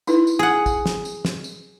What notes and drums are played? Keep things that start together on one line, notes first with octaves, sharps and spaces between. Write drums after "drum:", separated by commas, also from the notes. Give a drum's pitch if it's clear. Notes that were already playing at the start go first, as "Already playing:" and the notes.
D#4 E4 B4, drum: tambourine
drum: tambourine
G#4 F#5
drum: kick, tambourine
drum: snare
drum: tambourine
drum: snare
drum: tambourine